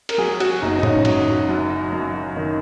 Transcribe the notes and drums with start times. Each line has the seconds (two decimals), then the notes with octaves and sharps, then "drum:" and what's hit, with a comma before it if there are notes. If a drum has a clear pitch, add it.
0.09 A#4, drum: cymbal
0.18 F#3 G#4
0.40 F#4, drum: cymbal
0.62 F#1 D#4
0.79 D#4
0.83 C#4, drum: tom A2
1.05 F#3, drum: cymbal
1.49 F#2
1.92 F#2
2.36 D#3